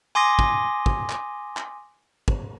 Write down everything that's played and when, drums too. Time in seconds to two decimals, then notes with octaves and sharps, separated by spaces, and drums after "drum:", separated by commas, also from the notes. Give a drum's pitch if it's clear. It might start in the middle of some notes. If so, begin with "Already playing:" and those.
0.15 G#5 C6 D6 D#6 A#6
0.39 drum: kick
0.86 drum: kick
1.10 drum: clap
1.57 drum: clap
2.28 drum: kick